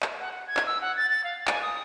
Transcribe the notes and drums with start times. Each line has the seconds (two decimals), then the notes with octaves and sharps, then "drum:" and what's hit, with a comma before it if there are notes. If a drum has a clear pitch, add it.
0.02 drum: clap
0.20 F#5
0.32 F#5
0.47 G#6
0.57 drum: clap
0.66 E6
0.81 F#5
0.97 A6
1.10 A6
1.24 F5
1.47 G#5, drum: clap
1.62 D#6